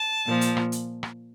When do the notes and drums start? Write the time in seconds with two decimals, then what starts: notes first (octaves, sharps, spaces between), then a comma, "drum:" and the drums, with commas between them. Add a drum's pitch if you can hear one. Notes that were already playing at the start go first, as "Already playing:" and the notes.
Already playing: A5
0.27 A#2 F3
0.41 drum: hi-hat
0.57 drum: rim click
0.72 drum: hi-hat
1.03 drum: rim click